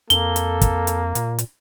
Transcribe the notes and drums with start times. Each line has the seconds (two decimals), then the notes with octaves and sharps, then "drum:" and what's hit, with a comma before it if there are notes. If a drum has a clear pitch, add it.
0.10 F2 A#3 A4 G7, drum: hi-hat
0.36 drum: hi-hat
0.61 drum: kick, hi-hat
0.87 drum: hi-hat
1.15 A#2, drum: hi-hat
1.39 drum: hi-hat